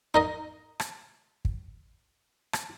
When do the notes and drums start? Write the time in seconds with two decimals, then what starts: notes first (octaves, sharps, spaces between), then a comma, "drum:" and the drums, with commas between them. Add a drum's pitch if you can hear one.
0.14 D#4 A#4 D#5
0.80 drum: rim click
1.45 drum: kick
2.53 drum: rim click